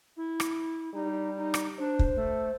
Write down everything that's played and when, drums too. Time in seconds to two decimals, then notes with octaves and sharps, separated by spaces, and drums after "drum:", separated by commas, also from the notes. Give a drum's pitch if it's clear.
0.17 E4
0.40 drum: rim click
0.94 G3 D#4
1.38 D#4
1.54 drum: rim click
1.79 D4 C5
1.99 drum: kick
2.16 A3